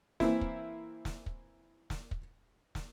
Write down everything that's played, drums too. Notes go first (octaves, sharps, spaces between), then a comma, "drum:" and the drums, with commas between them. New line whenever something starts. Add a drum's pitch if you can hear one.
E3 A#3 C4 E4, drum: snare
drum: kick
drum: snare
drum: kick
drum: snare
drum: kick
drum: snare